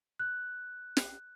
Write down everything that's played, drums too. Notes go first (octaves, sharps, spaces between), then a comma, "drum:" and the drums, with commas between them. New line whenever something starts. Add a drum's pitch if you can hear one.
F#6
drum: snare